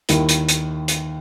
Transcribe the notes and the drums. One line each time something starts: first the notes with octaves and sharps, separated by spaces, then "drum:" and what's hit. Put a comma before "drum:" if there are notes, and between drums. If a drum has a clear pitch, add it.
D#2 D#3 E4, drum: hi-hat
drum: hi-hat
drum: hi-hat
drum: hi-hat